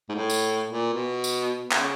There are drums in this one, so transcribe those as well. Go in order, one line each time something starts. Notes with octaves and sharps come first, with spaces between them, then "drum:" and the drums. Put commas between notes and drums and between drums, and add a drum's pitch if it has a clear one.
G#2
A2
drum: tambourine
A#2
B2
drum: tambourine
C#3, drum: clap